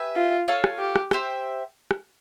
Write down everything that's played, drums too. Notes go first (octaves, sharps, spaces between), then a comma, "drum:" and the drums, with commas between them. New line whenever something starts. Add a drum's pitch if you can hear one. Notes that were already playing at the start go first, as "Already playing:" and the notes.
Already playing: G4 B4 E5 G#5
F4
F4 A4 C#5 F5
drum: rim click
G4
drum: rim click
G4 C5 E5 G5, drum: rim click
drum: rim click